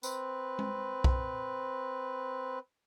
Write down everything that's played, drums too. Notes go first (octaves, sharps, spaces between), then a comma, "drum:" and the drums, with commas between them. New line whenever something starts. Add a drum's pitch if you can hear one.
C4 B4, drum: tambourine
drum: tom G#3
drum: kick B1